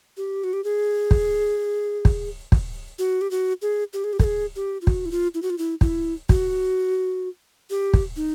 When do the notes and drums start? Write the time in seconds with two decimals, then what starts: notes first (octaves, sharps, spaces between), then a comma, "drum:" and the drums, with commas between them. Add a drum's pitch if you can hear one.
0.17 G4
0.44 F#4
0.53 G4
0.64 G#4
1.11 drum: kick
2.05 drum: kick
2.52 drum: kick
2.99 F#4
3.21 G4
3.31 F#4
3.62 G#4
3.93 G4
4.04 G#4
4.13 G4
4.20 A4, drum: kick
4.24 G#4
4.56 G4
4.81 F4
4.87 F#4, drum: kick
5.06 E4
5.11 F4
5.35 E4
5.42 F#4
5.50 F4
5.58 E4
5.81 E4, drum: kick
6.29 F#4, drum: kick
7.70 G4
7.94 drum: kick
8.16 D#4